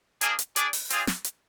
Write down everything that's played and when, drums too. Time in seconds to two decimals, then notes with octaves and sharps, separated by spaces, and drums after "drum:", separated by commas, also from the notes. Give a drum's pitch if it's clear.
0.21 A#3 D4 G#4, drum: hi-hat
0.39 drum: hi-hat
0.56 D4 G#4 D5, drum: hi-hat
0.73 drum: open hi-hat
0.90 C4 F4 G#4 D5, drum: hi-hat
1.07 drum: snare
1.24 drum: hi-hat